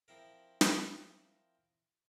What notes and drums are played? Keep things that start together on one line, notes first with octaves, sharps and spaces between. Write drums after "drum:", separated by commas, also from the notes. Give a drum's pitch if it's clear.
F3 C4 E4 A#4
drum: snare